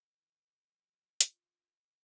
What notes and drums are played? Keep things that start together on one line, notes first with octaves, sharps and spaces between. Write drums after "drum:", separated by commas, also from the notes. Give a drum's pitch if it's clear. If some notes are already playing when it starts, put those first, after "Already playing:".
E3
F#3
F4, drum: hi-hat